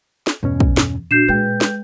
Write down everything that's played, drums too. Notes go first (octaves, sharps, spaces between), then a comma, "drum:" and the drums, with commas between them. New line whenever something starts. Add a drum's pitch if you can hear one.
drum: snare
E2 G2 B2 C#4
drum: kick
drum: snare
A#2 D4 F#4 G6 C7 E7
G#3 B4 G5 G6
drum: snare